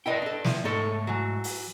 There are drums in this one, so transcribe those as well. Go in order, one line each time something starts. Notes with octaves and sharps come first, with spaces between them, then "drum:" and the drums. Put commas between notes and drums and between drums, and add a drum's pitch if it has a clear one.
E4 A#4 B4 D5 D#5 G5
D4 A4
F3 E4, drum: snare
G#2 A3 D#4 A4 C#5
E3 F#3
drum: open hi-hat